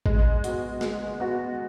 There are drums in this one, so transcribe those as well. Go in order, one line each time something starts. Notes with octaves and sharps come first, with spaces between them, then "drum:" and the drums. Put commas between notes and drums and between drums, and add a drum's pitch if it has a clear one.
G#3, drum: kick
B3 F#4, drum: hi-hat
G#3, drum: snare
B3 F#4